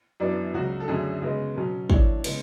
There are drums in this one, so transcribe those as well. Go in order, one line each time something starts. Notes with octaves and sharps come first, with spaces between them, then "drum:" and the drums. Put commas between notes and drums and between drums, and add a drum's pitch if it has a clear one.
F#2 E3 B3 D4 D5
C#2 C#3 F#3 F#4
A4
F#2 D3 A3 C#4 G#4
C#3 G#3 B3
B2 F#3 C#4
A2 E3 A3 D4 C#5, drum: kick
C#3 G#3 B3, drum: cymbal